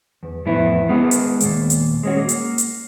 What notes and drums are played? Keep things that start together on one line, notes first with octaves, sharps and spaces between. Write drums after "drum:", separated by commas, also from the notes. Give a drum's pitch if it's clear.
E2
F2 A2 E3 B3 E4
G#3 B3 G#4 A#4 F#5
drum: hi-hat
D#2 A#2, drum: hi-hat
drum: hi-hat
G#3 C#4 F#4
A#3
drum: hi-hat
drum: hi-hat